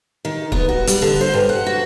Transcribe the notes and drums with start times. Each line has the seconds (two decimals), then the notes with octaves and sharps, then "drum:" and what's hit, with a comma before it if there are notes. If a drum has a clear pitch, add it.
0.25 D#3
0.52 B3, drum: kick C#1
0.69 F#4
0.87 G3, drum: hi-hat
1.02 D3
1.21 C5
1.34 G2
1.49 F#5
1.66 F#4